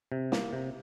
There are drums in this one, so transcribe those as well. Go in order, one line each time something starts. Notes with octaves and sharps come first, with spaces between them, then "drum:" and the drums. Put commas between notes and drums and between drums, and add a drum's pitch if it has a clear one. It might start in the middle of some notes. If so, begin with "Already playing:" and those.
C3
A#3, drum: snare
C3